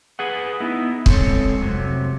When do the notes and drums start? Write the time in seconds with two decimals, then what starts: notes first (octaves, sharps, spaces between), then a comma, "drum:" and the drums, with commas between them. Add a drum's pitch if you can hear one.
0.19 G#4 B4 F#5
0.60 B3 D#4 E4
1.06 G#3 C4 A4 C#5, drum: kick C#1
1.61 F2 C3 F#3